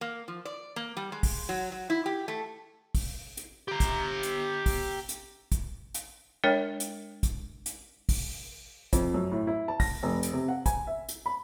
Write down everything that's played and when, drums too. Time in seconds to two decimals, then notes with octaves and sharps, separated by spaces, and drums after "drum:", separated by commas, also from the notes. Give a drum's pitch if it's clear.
0.01 A#3
0.28 F3
0.45 D5
0.76 A#3
0.97 G3
1.12 G#3
1.23 drum: kick, open hi-hat
1.49 F#3
1.72 F#3
1.90 E4
2.06 G4
2.28 A3
2.95 drum: kick, open hi-hat
3.37 drum: hi-hat
3.68 G4 A#5
3.80 drum: kick, hi-hat
4.23 drum: hi-hat
4.66 drum: kick, open hi-hat
5.09 drum: hi-hat
5.52 drum: kick, hi-hat
5.94 drum: hi-hat
6.44 G#3 D4 A#4 C#5 G5
6.80 drum: hi-hat
7.23 drum: kick, hi-hat
7.66 drum: hi-hat
8.09 drum: kick, open hi-hat
8.93 F2, drum: kick, hi-hat
9.14 F#2
9.31 A2
9.47 E4
9.68 A5
9.80 A#6, drum: kick, open hi-hat
10.03 F1
10.23 drum: hi-hat
10.33 C3
10.48 F#5
10.66 G#5, drum: kick, hi-hat
10.87 E5
11.09 drum: hi-hat
11.26 B5